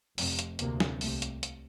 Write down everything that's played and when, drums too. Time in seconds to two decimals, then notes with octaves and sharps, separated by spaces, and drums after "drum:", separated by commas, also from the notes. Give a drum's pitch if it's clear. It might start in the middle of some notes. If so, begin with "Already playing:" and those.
0.18 F1 F2 C3, drum: open hi-hat
0.39 drum: hi-hat
0.59 D2 C3 A#3, drum: hi-hat
0.80 drum: snare
1.01 C2 C3 A3, drum: open hi-hat
1.22 drum: hi-hat
1.43 drum: hi-hat